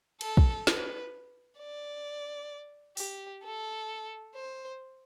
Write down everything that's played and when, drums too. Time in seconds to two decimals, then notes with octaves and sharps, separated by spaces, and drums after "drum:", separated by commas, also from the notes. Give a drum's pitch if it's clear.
0.21 A4, drum: cymbal
0.37 drum: kick
0.67 B4, drum: snare
1.59 D5
2.97 G4, drum: open hi-hat
3.43 A4
4.35 C5